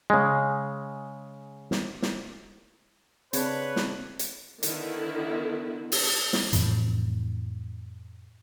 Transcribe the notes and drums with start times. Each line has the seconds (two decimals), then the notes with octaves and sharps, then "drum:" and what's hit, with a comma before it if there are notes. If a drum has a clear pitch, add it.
0.10 C#3 G#3
1.72 drum: snare
2.02 drum: snare
3.33 C#3 C4 D4 B4 C#5, drum: hi-hat
3.76 drum: snare
4.19 drum: hi-hat
4.63 D3 D#3 B3 E4, drum: hi-hat
5.92 drum: open hi-hat
6.33 drum: snare
6.53 F2 A2 C3 E3, drum: hi-hat